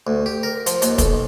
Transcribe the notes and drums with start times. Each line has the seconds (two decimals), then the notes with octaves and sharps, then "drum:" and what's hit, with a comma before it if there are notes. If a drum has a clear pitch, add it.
0.07 D2
0.26 G4
0.43 A#4
0.66 F3, drum: hi-hat
0.82 D#2, drum: hi-hat
0.98 B1, drum: kick, hi-hat